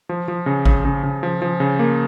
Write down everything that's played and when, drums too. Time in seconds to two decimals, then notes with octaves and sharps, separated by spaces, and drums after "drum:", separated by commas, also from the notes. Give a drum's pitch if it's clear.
0.09 F3
0.28 F3
0.46 C#3
0.65 C#3, drum: kick G#1
0.85 C#3
1.03 C#3
1.23 F3
1.42 F3
1.60 C#3
1.79 A#3